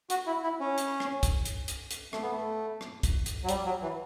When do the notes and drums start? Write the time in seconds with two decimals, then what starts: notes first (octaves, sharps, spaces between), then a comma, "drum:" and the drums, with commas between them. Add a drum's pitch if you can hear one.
0.10 F#4, drum: hi-hat
0.27 E4
0.43 E4
0.60 C#4
0.78 drum: hi-hat
1.00 drum: rim click
1.23 drum: kick, hi-hat
1.45 drum: hi-hat
1.68 drum: hi-hat
1.91 drum: hi-hat
2.13 A3, drum: rim click
2.22 B3
2.30 A3
2.81 drum: rim click
3.03 drum: kick, hi-hat
3.26 drum: hi-hat
3.43 F#3
3.49 G3, drum: hi-hat
3.65 F#3
3.82 E3